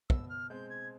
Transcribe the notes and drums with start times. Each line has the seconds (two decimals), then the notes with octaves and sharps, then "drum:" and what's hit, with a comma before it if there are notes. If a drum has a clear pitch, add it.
0.10 B2 E6, drum: kick
0.29 F6
0.50 G#3 C4 G6
0.70 G#6